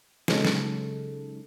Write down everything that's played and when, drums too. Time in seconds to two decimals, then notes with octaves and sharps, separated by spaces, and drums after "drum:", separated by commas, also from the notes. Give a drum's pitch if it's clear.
0.28 C#3 F#3 G#3 C#4 D#4 A4, drum: snare
0.45 drum: snare